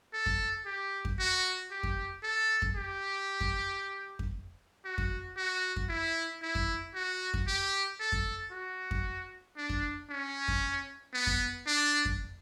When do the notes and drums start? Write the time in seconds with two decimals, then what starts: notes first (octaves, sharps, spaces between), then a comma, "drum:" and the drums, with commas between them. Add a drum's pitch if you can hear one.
0.13 A4
0.26 drum: kick F2
0.66 G4
1.05 drum: kick F2
1.18 F#4
1.71 G4
1.83 drum: kick F2
2.23 A4
2.62 drum: kick F2
2.75 G4
3.41 drum: kick F2
4.19 drum: kick F2
4.85 F#4
4.98 drum: kick F2
5.37 F#4
5.77 drum: kick F2
5.89 E4
6.42 E4
6.55 drum: kick F2
6.95 F#4
7.34 drum: kick F2
7.47 G4
8.00 A4
8.12 drum: kick F2
8.51 F#4
8.91 drum: kick F2
9.57 D4
9.70 drum: kick F2
10.09 C#4
10.48 drum: kick F2
11.14 B3
11.27 drum: kick F2
11.67 D4
12.05 drum: kick F2